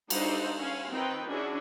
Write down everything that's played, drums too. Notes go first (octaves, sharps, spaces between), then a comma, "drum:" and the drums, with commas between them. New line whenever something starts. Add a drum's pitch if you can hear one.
G3 D4 D#4 F#4 A4 C5, drum: cymbal
C#4 F5
D#3 C4 D#4 F4 B4 G5
C#4 D4 E4 F#4 G#4